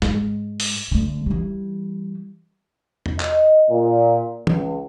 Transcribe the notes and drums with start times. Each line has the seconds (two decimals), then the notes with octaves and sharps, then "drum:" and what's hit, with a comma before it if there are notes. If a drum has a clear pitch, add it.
0.02 G#2 G#3, drum: snare
0.60 drum: open hi-hat
0.91 D3 A3
1.26 E3 G3
3.06 drum: tom E2
3.20 D#5, drum: clap
3.70 A#2
4.47 C#2, drum: tom